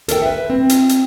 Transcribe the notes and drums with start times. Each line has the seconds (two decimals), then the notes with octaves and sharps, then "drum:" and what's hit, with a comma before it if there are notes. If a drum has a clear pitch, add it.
0.08 A4 A#4 D5 G5, drum: hi-hat
0.22 B4 E5
0.50 C4
0.69 drum: hi-hat
0.89 drum: hi-hat